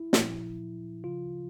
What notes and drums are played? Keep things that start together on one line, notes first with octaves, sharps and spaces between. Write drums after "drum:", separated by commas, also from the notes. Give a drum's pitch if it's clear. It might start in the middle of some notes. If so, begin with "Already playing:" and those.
Already playing: E4
A#2 F3, drum: snare
C#3 F3 F4